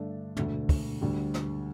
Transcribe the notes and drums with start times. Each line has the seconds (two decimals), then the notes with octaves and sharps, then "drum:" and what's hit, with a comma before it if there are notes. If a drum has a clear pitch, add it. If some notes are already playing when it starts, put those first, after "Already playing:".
Already playing: G2 D3 A3 D4 A4
0.37 E1 D2 D3 A3, drum: tom
0.69 drum: kick, open hi-hat
1.01 D2 D3 G3
1.34 drum: snare